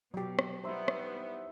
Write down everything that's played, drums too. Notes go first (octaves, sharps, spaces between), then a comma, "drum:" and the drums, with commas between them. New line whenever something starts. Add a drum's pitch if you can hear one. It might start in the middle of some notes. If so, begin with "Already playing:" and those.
B2 F#3 G4
drum: rim click
G3 B3 D#4 E4 C5 C6
drum: rim click